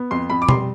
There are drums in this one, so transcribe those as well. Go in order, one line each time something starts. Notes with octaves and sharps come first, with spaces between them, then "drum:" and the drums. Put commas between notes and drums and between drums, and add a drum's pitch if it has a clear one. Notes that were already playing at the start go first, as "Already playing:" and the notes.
Already playing: B3
F2 C6
F2 B5
D6
G3 C6, drum: tom B2